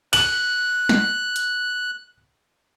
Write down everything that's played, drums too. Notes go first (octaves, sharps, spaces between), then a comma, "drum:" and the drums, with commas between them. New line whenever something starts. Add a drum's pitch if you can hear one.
F#6 F#7, drum: cymbal
drum: snare
drum: hi-hat